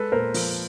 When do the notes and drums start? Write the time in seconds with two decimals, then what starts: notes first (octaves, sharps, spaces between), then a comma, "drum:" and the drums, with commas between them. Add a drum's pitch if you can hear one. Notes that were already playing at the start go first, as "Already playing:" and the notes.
Already playing: G#3 A4 B4
0.12 A#2 A#4 C5
0.34 F3, drum: open hi-hat